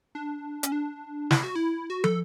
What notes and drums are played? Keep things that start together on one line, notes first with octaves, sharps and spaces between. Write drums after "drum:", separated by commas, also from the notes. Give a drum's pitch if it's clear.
D4
C#4, drum: hi-hat
D4
E4, drum: snare
F#4
E4
F#4
A4, drum: tom